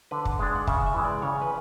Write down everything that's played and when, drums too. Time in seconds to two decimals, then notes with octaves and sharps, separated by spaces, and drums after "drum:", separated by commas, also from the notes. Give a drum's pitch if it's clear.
0.11 D3 B4
0.25 drum: kick
0.39 G#3 D4
0.55 F#5
0.67 C#3 E5, drum: kick
0.86 E5
0.94 E3 G#3
1.04 D5
1.22 C#3 C#5
1.42 B4